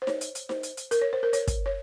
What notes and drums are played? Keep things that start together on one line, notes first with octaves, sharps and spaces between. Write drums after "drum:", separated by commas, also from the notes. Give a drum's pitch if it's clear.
C5
C#5, drum: snare D#4
drum: hi-hat
drum: hi-hat
C5, drum: snare D#4
drum: hi-hat
drum: hi-hat
A#4, drum: hi-hat
C#5
C5
A#4
C#5, drum: hi-hat
drum: kick, hi-hat
C#5